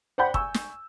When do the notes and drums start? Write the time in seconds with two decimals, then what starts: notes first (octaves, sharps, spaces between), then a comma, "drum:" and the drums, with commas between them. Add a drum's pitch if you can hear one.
0.18 C5 D5 F#5 G5 B5 G6
0.34 G#5 C#6 E6, drum: kick
0.54 drum: snare